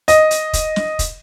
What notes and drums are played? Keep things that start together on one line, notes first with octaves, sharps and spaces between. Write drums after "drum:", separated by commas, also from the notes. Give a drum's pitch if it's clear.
D#5, drum: hi-hat
drum: hi-hat
drum: kick, hi-hat
drum: snare
drum: kick, hi-hat